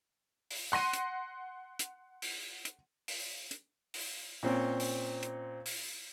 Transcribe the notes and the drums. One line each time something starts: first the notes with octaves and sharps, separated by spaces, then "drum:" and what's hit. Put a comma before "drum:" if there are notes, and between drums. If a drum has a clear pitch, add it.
drum: open hi-hat
F#5 C6 A#6 D#7
drum: hi-hat
drum: hi-hat
drum: open hi-hat
drum: hi-hat
drum: open hi-hat
drum: hi-hat
drum: open hi-hat
A#2 C4 C#4
drum: open hi-hat
drum: hi-hat
drum: open hi-hat